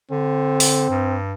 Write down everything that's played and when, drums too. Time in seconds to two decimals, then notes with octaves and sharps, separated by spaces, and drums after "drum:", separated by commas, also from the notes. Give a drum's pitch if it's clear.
0.11 D3 C4
0.60 drum: open hi-hat
0.90 G2